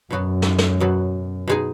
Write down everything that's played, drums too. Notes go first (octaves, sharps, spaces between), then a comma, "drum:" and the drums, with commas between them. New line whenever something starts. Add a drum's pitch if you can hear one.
F#2 B2 F#3 B3 F#4
drum: snare
drum: snare
B2 F#3 B3 F#4
B2 G#3 D#4 G#4